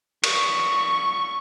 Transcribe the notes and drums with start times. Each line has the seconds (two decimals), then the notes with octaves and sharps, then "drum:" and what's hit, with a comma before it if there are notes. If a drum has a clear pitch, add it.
0.24 C#6, drum: cymbal